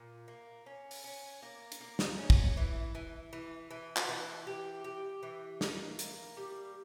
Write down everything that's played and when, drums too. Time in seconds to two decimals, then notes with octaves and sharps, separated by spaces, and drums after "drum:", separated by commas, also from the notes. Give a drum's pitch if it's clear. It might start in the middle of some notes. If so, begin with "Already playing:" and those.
Already playing: A#2
0.28 A#3
0.66 C#4
0.91 drum: open hi-hat
1.04 C#4
1.42 A#3
1.72 drum: hi-hat
1.81 A#3
1.99 drum: snare
2.18 C#4
2.30 drum: kick
2.57 E3
2.95 E3
3.33 E3
3.71 E3
3.97 drum: clap
4.09 E3
4.47 G4
4.84 G4
5.23 E3
5.61 A#3, drum: snare
5.99 A#3, drum: hi-hat
6.37 G3